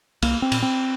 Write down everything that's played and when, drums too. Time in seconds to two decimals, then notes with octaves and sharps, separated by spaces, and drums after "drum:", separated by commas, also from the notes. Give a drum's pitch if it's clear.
0.22 C2 A#3, drum: cymbal
0.42 C4
0.52 A#2, drum: cymbal
0.62 C4